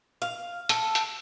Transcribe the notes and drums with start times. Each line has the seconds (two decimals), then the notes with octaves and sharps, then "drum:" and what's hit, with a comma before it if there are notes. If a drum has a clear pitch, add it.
0.22 F5
0.69 A4, drum: hi-hat
0.95 drum: hi-hat